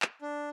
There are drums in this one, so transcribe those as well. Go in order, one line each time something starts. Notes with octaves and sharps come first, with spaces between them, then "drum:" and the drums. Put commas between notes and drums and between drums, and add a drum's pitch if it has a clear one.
drum: clap
D4